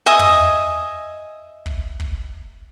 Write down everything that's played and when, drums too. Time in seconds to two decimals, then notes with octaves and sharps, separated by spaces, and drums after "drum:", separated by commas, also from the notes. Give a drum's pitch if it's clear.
0.06 D#5 E5 G#5 D#6
0.19 drum: tom
1.66 drum: kick
2.00 drum: kick